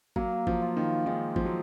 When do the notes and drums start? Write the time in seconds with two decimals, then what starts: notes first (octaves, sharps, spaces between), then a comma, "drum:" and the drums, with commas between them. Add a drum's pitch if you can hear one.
0.16 F#3 A#3, drum: kick G#1
0.47 F3, drum: kick G#1
0.62 F4
0.77 D#3
1.06 D#3 G#3
1.36 F3, drum: kick G#1
1.45 F#3